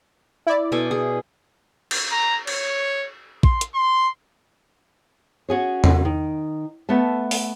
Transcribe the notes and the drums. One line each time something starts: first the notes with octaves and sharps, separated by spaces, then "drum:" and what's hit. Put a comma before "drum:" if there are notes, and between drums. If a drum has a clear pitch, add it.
E4 D5
B2 A4 G#5
G#4
drum: cymbal
A#5
C#5, drum: cymbal
C6, drum: kick
drum: hi-hat
C6
C#4 F#4 G#4 C#5
drum: tom E2
D#3
A3 B3 E5 A5
drum: open hi-hat